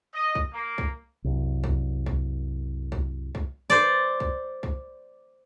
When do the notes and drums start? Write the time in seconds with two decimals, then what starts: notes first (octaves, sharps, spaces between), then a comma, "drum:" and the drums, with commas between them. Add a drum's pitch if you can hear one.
0.14 D#5
0.35 drum: kick C2
0.53 A#3
0.78 drum: kick C2
1.24 C2 F#2
1.64 drum: kick C2
2.06 drum: kick C2
2.92 drum: kick C2
3.35 drum: kick C2
3.70 C5 D5
4.20 drum: kick C2
4.63 drum: kick C2